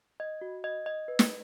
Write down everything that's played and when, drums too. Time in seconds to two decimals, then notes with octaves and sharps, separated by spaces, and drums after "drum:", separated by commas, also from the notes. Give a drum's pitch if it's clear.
0.20 D#5
0.41 F#4
0.64 D#5
0.86 D#5
1.08 B4
1.19 drum: snare